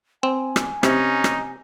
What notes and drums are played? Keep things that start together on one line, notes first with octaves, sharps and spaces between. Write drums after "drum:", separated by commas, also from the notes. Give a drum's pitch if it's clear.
C4 G#5
drum: rim click
C3 C#4 D#4, drum: rim click
drum: rim click